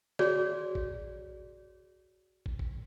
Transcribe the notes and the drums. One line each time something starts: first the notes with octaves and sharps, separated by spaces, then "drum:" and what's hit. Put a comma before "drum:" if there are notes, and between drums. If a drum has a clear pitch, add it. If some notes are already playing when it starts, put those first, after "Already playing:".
F#4 G#4 C#5 D5, drum: snare
drum: kick
drum: kick
drum: kick